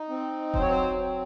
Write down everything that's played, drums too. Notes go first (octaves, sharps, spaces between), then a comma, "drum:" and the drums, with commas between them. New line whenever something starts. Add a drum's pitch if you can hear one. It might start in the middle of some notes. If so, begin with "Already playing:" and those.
Already playing: D#4
C4
F#3 C5, drum: kick E1
C#5
C5
C4